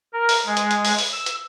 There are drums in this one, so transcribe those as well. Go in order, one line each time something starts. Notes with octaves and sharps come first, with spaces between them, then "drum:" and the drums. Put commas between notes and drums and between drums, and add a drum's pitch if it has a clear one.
A#4
drum: open hi-hat
G#3
drum: hi-hat
drum: hi-hat
drum: open hi-hat
drum: open hi-hat
E6
drum: hi-hat